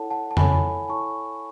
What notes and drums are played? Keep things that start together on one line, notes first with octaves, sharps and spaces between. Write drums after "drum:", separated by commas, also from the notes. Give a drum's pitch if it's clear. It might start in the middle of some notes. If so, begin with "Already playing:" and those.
Already playing: E4 A4 C#5 F#5 A5
F#5 A5
A5
E4 A4 C#5 G#5 B5, drum: tom
E4 A4 C#5 A5 C#6